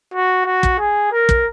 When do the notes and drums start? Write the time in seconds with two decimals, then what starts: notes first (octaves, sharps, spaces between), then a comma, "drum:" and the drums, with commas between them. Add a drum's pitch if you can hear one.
0.14 F#4
0.46 F#4
0.63 drum: kick
0.79 G#4
1.12 A#4
1.29 drum: kick